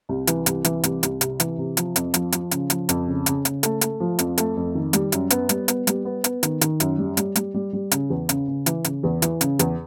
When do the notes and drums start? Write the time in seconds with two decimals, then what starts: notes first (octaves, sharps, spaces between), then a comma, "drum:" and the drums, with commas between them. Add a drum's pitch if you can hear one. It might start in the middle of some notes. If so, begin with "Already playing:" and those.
0.09 C2
0.27 E3, drum: hi-hat
0.46 C2, drum: hi-hat
0.65 E3, drum: hi-hat
0.84 C2, drum: hi-hat
1.03 C2, drum: hi-hat
1.21 C3, drum: hi-hat
1.40 E3, drum: hi-hat
1.58 C3
1.77 F3, drum: hi-hat
1.96 F2, drum: hi-hat
2.14 F3, drum: hi-hat
2.32 F3, drum: hi-hat
2.51 C#3, drum: hi-hat
2.70 F3, drum: hi-hat
2.89 F2, drum: hi-hat
3.07 C#3
3.26 C#3, drum: hi-hat
3.45 C#3, drum: hi-hat
3.63 A3, drum: hi-hat
3.81 A3, drum: hi-hat
4.00 F3
4.19 F2, drum: hi-hat
4.38 A3, drum: hi-hat
4.57 F2
4.75 D#3
4.93 G3, drum: hi-hat
5.12 F#2, drum: hi-hat
5.30 B3, drum: hi-hat
5.49 G3, drum: hi-hat
5.68 B3, drum: hi-hat
5.87 G3, drum: hi-hat
6.05 B3
6.24 B3, drum: hi-hat
6.43 D#3, drum: hi-hat
6.61 D#3, drum: hi-hat
6.80 F#2, drum: hi-hat
6.98 G3
7.17 G3, drum: hi-hat
7.36 G3, drum: hi-hat
7.54 G3
7.73 G3
7.91 C#3, drum: hi-hat
8.10 E2
8.29 C#3, drum: hi-hat
8.48 C#3
8.66 E3, drum: hi-hat
8.84 C#3, drum: hi-hat
9.03 E2
9.22 E3, drum: hi-hat
9.41 C#3, drum: hi-hat
9.59 E2, drum: hi-hat